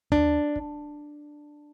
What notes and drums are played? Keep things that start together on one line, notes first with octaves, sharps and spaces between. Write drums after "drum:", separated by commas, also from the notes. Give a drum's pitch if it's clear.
D4, drum: tom D#2
drum: kick